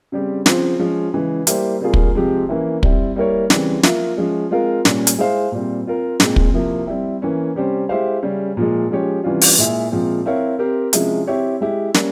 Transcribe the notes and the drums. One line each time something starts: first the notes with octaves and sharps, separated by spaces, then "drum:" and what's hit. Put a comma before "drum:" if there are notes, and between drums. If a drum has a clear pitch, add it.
C#3 G3 C4 G4
C#3 F3 C4 F4 C5, drum: snare
F3 G#3 C#4
C#3 E3 G#3
G3 A#3 E4 G4 C5, drum: hi-hat
C3 G3 A#3 F4 G#4
drum: kick
C3 F3 G#3 C4 G4
E3 A#3 C#4 E4
G3 C4 E4, drum: kick
G3 A#3 E4 A#4 C#5
C#3 E3 G3 C4, drum: snare
F3 A#3 F4 A#4 E5, drum: snare
F3 G#3 C#4
G#3 C4 F4 A#4 F5
A#2 G3 C#4, drum: snare
drum: hi-hat
G#3 E4 G#4 C5 F5
A#2 G3 C4
C4 F4 A#4
A#2 G#3 C4, drum: snare
drum: kick
C3 F3 A#3 E4
G3 C4 E4
E3 A#3 C#4
C3 G3 C#4 G4 C5
G#3 E4 G4 C5 F5
C#3 G3 C#4
A#2 F3 G#3
F3 G#3 C#4 G4 C#5
C3 E3 G3 C#4 F4
drum: open hi-hat
A#2 G#3 E4 G#4 E5
A#2 F3 G#3 C4
C4 E4 A#4 C#5 F5
C4 G4 A#4
C3 F3 G#3 C#4 E4, drum: hi-hat
C4 E4 G4 C#5
G#3 E4 G4
G3 A#3 C#4, drum: snare